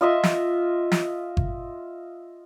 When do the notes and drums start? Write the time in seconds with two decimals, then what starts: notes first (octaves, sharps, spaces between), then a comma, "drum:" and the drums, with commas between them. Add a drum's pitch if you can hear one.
0.01 F4 D#5 E5 C6
0.23 drum: snare
0.92 drum: snare
1.37 drum: kick G1